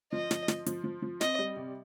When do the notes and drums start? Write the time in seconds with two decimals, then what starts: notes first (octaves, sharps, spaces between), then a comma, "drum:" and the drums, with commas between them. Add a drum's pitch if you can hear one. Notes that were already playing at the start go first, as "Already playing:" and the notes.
0.12 F3 D#5
0.31 F3, drum: snare
0.48 F3, drum: snare
0.66 F3, drum: hi-hat
0.84 F3
1.02 F3
1.21 C4 D#5, drum: snare
1.39 G3
1.56 C3